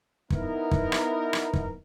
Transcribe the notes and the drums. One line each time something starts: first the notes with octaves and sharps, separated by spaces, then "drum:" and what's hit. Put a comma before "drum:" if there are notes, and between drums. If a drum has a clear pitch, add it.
B3 D#4 E4 A#4, drum: kick
drum: kick
drum: rim click
drum: rim click
drum: kick